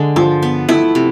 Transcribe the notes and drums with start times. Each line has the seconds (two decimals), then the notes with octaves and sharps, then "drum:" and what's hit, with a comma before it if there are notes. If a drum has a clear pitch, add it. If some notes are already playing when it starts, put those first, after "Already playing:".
Already playing: D3 G#3
0.16 F3, drum: tom G2
0.42 B3
0.69 A3 E4, drum: tom
0.95 C3